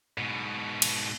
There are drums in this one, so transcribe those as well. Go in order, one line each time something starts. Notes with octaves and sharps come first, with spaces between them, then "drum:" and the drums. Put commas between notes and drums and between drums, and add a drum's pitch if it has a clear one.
G#2 B2
drum: cymbal